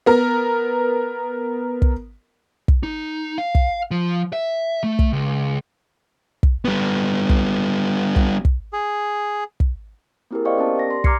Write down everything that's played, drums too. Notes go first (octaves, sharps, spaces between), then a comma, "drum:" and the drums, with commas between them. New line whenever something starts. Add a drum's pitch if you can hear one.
B3 A#4
drum: kick
drum: kick
D#4
F5
drum: kick
F3
E5
A3
drum: kick
C#2
drum: kick
G3 B3
drum: kick
drum: kick
drum: kick
G#4
drum: kick
A#3 C4 E4 G4 G#4 A#4
C5 D5 D#5 F5 G5 C#6
B3 C#4 G4 A#4 A5
G4 D5 A#6
C6
A#5 D6 F6 G#6 C7 C#7, drum: kick